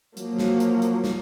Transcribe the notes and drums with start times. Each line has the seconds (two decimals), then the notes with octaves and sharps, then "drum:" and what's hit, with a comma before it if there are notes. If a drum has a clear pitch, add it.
0.17 F3 F#3 A#3, drum: hi-hat
0.39 drum: snare
0.60 drum: hi-hat
0.82 drum: hi-hat
1.04 drum: snare